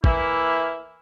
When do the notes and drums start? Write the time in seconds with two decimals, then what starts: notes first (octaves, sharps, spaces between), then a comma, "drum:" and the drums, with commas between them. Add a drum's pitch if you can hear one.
0.04 E3 A#3 E4, drum: kick